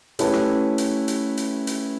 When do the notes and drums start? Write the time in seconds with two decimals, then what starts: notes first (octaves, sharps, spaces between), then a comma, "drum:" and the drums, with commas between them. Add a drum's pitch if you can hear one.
0.19 A3 C#4 E4 G4 B4, drum: hi-hat
0.33 drum: rim click
0.78 drum: hi-hat
1.08 drum: hi-hat
1.37 drum: hi-hat
1.67 drum: hi-hat